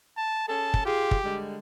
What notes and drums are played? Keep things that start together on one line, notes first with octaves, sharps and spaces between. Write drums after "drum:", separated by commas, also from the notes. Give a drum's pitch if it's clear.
A5
C#4 G#4 A4 A5
drum: kick
F4 G4 G#4
drum: kick
D3 G3 G#3